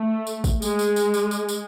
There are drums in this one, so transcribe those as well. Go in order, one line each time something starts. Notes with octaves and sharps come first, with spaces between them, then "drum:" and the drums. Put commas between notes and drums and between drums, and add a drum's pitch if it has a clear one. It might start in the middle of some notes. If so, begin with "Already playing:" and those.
Already playing: A3
drum: tambourine
drum: kick, tambourine
G#3, drum: tambourine
drum: tambourine
drum: tambourine
drum: tambourine
drum: tambourine
drum: tambourine